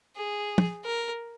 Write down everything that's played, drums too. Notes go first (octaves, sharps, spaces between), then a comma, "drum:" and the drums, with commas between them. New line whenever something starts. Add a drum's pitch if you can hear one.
G#4
drum: tom
A#4